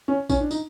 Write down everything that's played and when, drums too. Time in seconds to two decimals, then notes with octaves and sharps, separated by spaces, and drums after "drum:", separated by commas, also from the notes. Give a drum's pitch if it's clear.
0.08 C#4
0.29 C#4, drum: kick A1, tambourine
0.40 D4
0.51 D#4, drum: tambourine